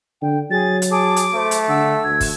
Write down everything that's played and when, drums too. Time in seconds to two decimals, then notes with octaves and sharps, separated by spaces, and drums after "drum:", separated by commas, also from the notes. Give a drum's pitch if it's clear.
0.22 D3 G5
0.51 F#3 G#4 A6
0.82 drum: hi-hat
0.91 G#4 A5 D6
1.16 drum: hi-hat
1.34 A3 C5
1.51 drum: hi-hat
1.69 D3 F#5 E6
2.04 D2 G#6
2.20 drum: kick, open hi-hat